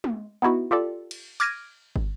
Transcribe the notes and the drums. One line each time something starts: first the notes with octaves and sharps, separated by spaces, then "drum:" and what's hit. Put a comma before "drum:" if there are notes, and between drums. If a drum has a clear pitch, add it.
drum: tom G#3
B3 D#4 E4 F#4
F4 G4 A4 D5
drum: cymbal
D6 F6 G#6 A#6 D7 D#7, drum: tambourine
drum: kick